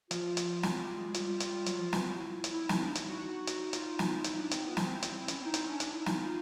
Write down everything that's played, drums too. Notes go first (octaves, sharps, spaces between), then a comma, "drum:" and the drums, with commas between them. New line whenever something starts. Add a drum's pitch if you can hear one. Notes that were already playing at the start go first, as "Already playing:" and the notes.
F3 F4, drum: hi-hat
drum: hi-hat
F#3, drum: snare
G3
G#3
G3 F4, drum: hi-hat
drum: hi-hat
F#3, drum: hi-hat
F3
E3, drum: snare
F#3
E4
drum: hi-hat
E4
D#4, drum: snare
D4
E4, drum: hi-hat
F#4
drum: hi-hat
F4, drum: hi-hat
drum: snare
E4, drum: hi-hat
D4
C4, drum: hi-hat
B3 F4
C4 E4, drum: snare
drum: hi-hat
C#4 E4, drum: hi-hat
C4
D#4
C4, drum: hi-hat
C#4 D4
D4 D#4, drum: hi-hat
E4
F4, drum: snare
F4